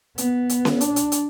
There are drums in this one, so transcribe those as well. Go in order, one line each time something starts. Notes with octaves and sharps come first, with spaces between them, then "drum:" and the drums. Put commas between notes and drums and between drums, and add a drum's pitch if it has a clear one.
B3, drum: hi-hat
drum: hi-hat
drum: snare C#4
D4, drum: hi-hat
drum: hi-hat
drum: hi-hat